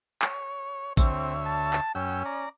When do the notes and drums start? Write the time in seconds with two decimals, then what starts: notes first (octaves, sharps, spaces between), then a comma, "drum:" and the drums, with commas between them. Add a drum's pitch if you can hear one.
0.22 C#5, drum: clap
0.97 D2 C4 C#5 E5, drum: kick A1, tambourine
1.45 A5
1.73 drum: clap
1.95 F#2 C#4 G5 E6
2.26 D5 A#5